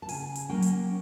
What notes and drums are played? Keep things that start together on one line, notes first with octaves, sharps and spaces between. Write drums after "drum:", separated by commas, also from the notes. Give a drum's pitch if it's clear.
A5
C#3 G#5, drum: open hi-hat
drum: hi-hat
F#3 A#3 C#4 G5
drum: hi-hat